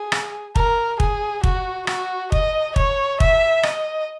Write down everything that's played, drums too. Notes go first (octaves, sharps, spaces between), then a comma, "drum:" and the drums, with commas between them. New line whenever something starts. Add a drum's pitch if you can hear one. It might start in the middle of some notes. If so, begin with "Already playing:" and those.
Already playing: G#4
drum: rim click
A#4, drum: kick
G#4, drum: kick
F#4, drum: kick
F#4, drum: rim click
D#5, drum: kick
C#5, drum: kick
E5, drum: kick
D#5, drum: rim click